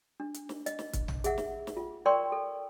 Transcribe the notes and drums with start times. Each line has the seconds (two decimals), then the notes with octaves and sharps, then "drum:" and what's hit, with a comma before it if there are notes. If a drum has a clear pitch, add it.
0.20 D4
0.34 drum: hi-hat
0.49 drum: snare
0.66 D#5, drum: hi-hat
0.79 drum: snare
0.93 drum: kick, hi-hat
1.08 drum: tom A#1
1.24 G#4 E5 F#5, drum: hi-hat
1.38 drum: snare
1.67 drum: snare
1.77 F4
2.06 A#4 D5 G5 C6 C#6
2.32 A4